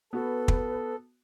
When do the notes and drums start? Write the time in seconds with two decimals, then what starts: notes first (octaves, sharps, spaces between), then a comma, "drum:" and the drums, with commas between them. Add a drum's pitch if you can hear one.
0.13 B3 F#4 A4 B4
0.48 drum: kick